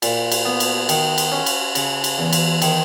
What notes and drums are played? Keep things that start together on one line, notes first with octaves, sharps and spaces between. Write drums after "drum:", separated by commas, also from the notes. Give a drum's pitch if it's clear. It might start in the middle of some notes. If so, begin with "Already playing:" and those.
A#2, drum: cymbal
drum: cymbal
B3
drum: cymbal
D#3, drum: cymbal
drum: cymbal
C#4
drum: cymbal
C#3, drum: cymbal
drum: cymbal
E2
drum: cymbal
D#3, drum: cymbal